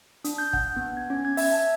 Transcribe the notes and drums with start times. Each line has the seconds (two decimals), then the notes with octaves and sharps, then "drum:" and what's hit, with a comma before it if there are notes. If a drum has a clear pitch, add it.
0.24 D4, drum: hi-hat
0.38 G6
0.53 F#5, drum: kick
0.76 B3
0.97 G#6
1.10 C#4
1.25 G#6
1.37 E5, drum: open hi-hat
1.52 A5